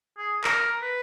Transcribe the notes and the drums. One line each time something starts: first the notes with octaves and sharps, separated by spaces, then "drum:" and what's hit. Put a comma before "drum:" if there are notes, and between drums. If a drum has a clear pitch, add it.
G#4
A#4, drum: clap
B4